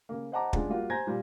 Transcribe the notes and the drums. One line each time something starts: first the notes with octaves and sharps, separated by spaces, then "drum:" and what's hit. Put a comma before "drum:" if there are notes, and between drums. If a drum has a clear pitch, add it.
C#3 A#3
C5 D#5 F#5 A5 A#5 D6
C#3 G#3 D4 F4, drum: kick
G3 A#3 F4 F#4
C5 G#5 A#5 G6 G#6 A#6
A#2 G3